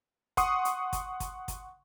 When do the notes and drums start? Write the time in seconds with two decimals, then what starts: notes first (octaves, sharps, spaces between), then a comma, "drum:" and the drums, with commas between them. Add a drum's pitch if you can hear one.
0.37 F#5 C6 C#6 D#6, drum: kick, hi-hat
0.65 drum: hi-hat
0.93 drum: kick, hi-hat
1.20 drum: kick, hi-hat
1.48 drum: kick, hi-hat